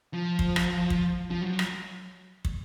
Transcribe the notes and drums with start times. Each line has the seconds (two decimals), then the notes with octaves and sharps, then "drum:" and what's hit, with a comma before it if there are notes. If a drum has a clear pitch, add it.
0.14 F3
0.39 drum: kick
0.56 drum: rim click
0.90 drum: kick
1.31 F3
1.42 F#3
1.59 drum: rim click
2.45 drum: kick